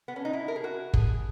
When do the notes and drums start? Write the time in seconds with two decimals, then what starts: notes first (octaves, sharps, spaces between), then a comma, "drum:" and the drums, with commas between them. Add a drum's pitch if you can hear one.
0.08 B3
0.16 C#4
0.25 D#4
0.33 E4
0.48 A#4
0.56 G#4
0.64 F#4
0.94 G#4, drum: kick